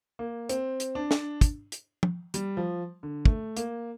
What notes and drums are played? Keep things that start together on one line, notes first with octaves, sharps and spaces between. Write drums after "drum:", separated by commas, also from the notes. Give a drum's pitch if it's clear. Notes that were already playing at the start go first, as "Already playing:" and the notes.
A#3
C4, drum: hi-hat
drum: hi-hat
D4
drum: snare
drum: kick, hi-hat
drum: hi-hat
drum: tom
G3, drum: hi-hat
F3
D3
A3, drum: kick
A#3, drum: hi-hat